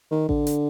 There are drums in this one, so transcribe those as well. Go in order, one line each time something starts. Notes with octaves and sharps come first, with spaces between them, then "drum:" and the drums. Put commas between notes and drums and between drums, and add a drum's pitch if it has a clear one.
D#3
D3, drum: kick A1
drum: hi-hat